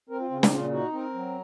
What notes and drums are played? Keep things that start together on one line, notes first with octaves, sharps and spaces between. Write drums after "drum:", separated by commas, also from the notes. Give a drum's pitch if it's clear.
C4 A#4
F4
C#3 F4
D#4, drum: snare
A#2 F4
D#4 F#4
C4 A#4
F#3